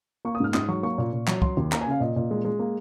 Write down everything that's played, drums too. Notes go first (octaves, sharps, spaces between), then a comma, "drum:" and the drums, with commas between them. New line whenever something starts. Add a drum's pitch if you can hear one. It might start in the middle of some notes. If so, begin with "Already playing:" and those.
A#3 C#6
D#6
G#2 F6
G#2 D#6, drum: clap
F#3 C#6
A#3 C#6
A#2
A#2
F#3, drum: clap
F#3 C6, drum: kick
D#2
A#3 A#5, drum: clap
G#5
C#3 F5
A#2 D#5
A#2
G#3
G#3
A#3